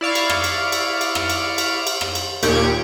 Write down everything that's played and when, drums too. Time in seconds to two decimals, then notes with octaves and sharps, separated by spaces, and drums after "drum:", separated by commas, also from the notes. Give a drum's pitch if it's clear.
0.01 E4 D5 F5 C#6
0.15 drum: cymbal
0.30 drum: rim click
0.44 drum: cymbal
0.72 drum: cymbal
1.01 drum: cymbal
1.15 drum: rim click
1.29 drum: cymbal
1.58 drum: cymbal
1.87 drum: cymbal
2.01 drum: rim click
2.15 drum: cymbal
2.43 D#2 A#2 G4 C#6 G#6 D7, drum: cymbal